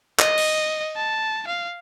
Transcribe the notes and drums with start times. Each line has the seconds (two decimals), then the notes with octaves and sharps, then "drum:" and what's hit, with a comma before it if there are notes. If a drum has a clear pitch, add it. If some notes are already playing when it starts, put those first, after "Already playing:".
0.19 D#5, drum: clap
0.38 drum: cymbal
0.96 A5
1.47 F5